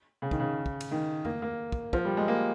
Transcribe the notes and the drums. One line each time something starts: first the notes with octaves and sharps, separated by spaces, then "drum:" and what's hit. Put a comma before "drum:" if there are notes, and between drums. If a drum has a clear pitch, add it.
C#3
D#3, drum: kick
C#3
drum: kick
drum: cymbal
D#3
A#3, drum: tom F2
A#3
drum: kick
F3, drum: kick
G3
G#3
A#3